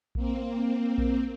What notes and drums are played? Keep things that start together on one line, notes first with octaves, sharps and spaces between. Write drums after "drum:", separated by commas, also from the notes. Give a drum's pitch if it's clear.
A#3 C4, drum: kick A#1
drum: kick A#1